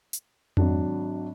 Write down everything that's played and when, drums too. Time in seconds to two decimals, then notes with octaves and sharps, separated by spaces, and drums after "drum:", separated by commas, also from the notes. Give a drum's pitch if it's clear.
0.13 drum: hi-hat
0.57 G#1 F#3 D4, drum: tom F2